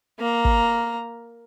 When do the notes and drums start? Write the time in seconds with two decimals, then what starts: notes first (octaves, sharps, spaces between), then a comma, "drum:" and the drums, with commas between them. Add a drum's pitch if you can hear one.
0.19 A#3 A#5
0.45 drum: kick